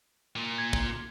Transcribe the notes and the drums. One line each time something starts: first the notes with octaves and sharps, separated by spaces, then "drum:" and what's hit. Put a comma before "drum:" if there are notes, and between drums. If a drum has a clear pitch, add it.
A#2
G#6
drum: kick